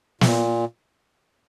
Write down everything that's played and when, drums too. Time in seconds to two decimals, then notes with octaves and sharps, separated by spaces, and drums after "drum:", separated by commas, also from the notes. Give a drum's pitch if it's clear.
0.21 A#2, drum: snare